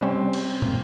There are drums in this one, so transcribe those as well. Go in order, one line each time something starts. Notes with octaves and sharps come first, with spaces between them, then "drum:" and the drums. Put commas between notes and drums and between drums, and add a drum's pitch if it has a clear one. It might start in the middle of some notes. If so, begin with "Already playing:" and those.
C3 G3 C4 C#4
drum: cymbal
A#3, drum: tom